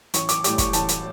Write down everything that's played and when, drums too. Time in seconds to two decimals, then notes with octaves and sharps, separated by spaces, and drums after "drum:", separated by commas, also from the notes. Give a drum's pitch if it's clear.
0.14 A1 C#6, drum: hi-hat
0.29 D6, drum: hi-hat
0.44 A2 G3 D6, drum: hi-hat
0.58 C#6, drum: kick, hi-hat
0.73 A1 A5, drum: hi-hat
0.89 drum: hi-hat